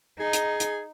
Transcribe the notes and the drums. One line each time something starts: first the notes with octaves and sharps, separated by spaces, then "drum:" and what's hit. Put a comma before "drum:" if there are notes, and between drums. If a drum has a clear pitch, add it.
D#4 G#4
drum: hi-hat
drum: hi-hat